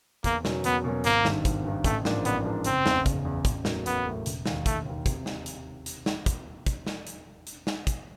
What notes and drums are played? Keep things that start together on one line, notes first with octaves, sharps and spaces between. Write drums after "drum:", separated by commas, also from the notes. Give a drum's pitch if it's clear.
E2 A#3, drum: kick, hi-hat
B2 F#3 A#3 C#4, drum: snare
E2 B3, drum: hi-hat
B2 F#3 A#3 C#4
G#1 A#3, drum: hi-hat
G2 D#3, drum: snare
G#1, drum: kick, hi-hat
G2 D#3
A1 A3, drum: kick, hi-hat
G#2 F3 A#3 D4, drum: snare
A1 B3, drum: hi-hat
G#2 F3 A#3 D4
F#1 C4, drum: hi-hat
E2 C#3, drum: snare
F#1, drum: kick, hi-hat
E2 C#3
A1, drum: kick, hi-hat
A2 F#3 A#3, drum: snare
A1 B3, drum: hi-hat
A2 F#3 A#3
E1, drum: hi-hat
D#2 D#3, drum: snare
E1 A3, drum: kick, hi-hat
D#2 D#3
C3, drum: kick, hi-hat
drum: snare
drum: hi-hat
drum: hi-hat
drum: snare
drum: kick, hi-hat
drum: kick, hi-hat
drum: snare
drum: hi-hat
drum: hi-hat
drum: snare
drum: kick, hi-hat